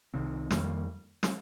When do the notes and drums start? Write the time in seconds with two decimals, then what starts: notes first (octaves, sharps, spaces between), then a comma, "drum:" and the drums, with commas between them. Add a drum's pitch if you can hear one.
0.14 C2 C3 D#3 C4
0.51 F2 D#3 G3 A#3, drum: snare
1.23 drum: snare